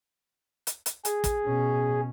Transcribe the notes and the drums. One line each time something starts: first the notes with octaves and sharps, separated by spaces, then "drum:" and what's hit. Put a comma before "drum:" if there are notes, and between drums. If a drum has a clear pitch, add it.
drum: hi-hat
drum: hi-hat
G#4, drum: hi-hat
drum: kick, hi-hat
B2 C#4